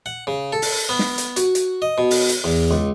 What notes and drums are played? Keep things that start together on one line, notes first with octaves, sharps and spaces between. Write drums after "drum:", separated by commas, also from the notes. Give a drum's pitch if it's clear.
F#5
C#3
A4
drum: open hi-hat
B3
drum: snare
drum: hi-hat
F#4, drum: hi-hat
drum: hi-hat
D#5
B2
drum: open hi-hat
drum: hi-hat
E2
C#2